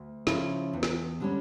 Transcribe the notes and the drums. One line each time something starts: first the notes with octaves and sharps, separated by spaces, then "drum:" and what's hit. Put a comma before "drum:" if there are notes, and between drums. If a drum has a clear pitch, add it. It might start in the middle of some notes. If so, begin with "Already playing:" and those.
Already playing: D2
C#3 F3 C#4 E4, drum: snare
E2
drum: snare
D3 G3 C#4